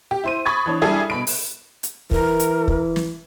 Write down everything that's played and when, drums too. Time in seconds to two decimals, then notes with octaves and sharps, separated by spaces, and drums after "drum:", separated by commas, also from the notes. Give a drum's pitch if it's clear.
0.11 G4
0.24 E4 C5 D#7
0.45 B5 C#6 D#6 G#6 A6
0.66 E3 D4 C#5
0.82 G3 D4 E4 G#4 A4 E5
1.10 B2 B5 D7
1.27 drum: open hi-hat
1.83 drum: hi-hat
2.11 E3 A#4, drum: kick
2.40 drum: hi-hat
2.68 drum: kick
2.96 drum: snare